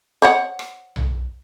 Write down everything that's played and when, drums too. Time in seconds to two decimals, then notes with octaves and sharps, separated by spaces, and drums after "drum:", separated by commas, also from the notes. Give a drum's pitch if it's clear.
0.22 C5 C#5 F#5
0.59 drum: rim click
0.96 drum: tom B1